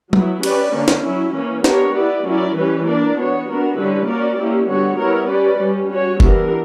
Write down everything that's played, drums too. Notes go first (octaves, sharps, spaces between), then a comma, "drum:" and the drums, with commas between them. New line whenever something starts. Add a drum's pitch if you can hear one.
F#3 B3 E4, drum: tom
C#4 G4 B4 D5, drum: cymbal
D3 A#3 C#4
drum: snare
F#3 C#4 E4
E3 A#3 C#4
B3 D4 G4 A#4 C#5, drum: snare
B3 E4 B4 D5
F#3 C#4 E4 A#4 D5
E3 G3 C#4 G4 B4
A#3 D4 A#4 D5
B3 F#4 C#5
B3 D4 F#4 A#4
D3 G3 C#4 E4 B4
A#3 C#4 F#4 A#4 D5
A#3 C#4 E4 G4
D3 G3 B3 F#4 C#5
G3 B3 E4 A#4 C#5
C#4 G4 B4 D5
G3 C#4 G4
C#4 F#4 C#5
E3 B3 D4 G4 A#4, drum: kick